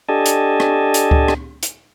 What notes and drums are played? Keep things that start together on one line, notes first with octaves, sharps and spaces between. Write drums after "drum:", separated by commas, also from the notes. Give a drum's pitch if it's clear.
D4 G4 A4 D#5 G#5 A5
drum: hi-hat
drum: rim click
drum: hi-hat
drum: kick C#2
drum: rim click
drum: hi-hat